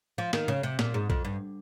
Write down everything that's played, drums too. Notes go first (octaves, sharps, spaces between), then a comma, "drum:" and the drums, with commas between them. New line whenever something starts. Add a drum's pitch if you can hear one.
F3
D#3, drum: snare
C#3
C3
A#2, drum: snare
G#2
F2, drum: kick
G2